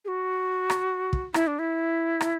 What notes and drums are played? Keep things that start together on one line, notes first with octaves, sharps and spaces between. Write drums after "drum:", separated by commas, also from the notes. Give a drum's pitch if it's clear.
G#4
F#4
drum: rim click
drum: kick
E4, drum: rim click
D4
E4
drum: rim click